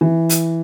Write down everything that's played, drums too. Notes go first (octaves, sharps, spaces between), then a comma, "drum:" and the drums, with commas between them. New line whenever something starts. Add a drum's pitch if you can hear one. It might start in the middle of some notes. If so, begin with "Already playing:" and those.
E3
drum: hi-hat